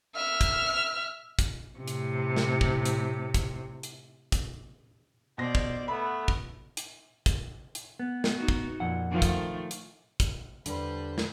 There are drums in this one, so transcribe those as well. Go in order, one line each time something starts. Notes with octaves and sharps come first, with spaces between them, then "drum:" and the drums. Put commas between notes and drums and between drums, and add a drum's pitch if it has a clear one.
E5 F6
drum: kick, hi-hat
drum: kick, hi-hat
A2 C3
drum: hi-hat
drum: snare
drum: kick
drum: hi-hat
drum: kick, hi-hat
drum: hi-hat
drum: kick, hi-hat
B2 C5 D5 A#6
drum: kick
A3 B3 B5
drum: kick
drum: hi-hat
drum: kick, hi-hat
drum: hi-hat
B3
drum: snare
D#4 F#4
drum: kick
F2 A#2 F#5
D#3 F3 A3
drum: kick, hi-hat
drum: hi-hat
drum: kick, hi-hat
E2 D3 G3 B4 C5, drum: hi-hat
drum: snare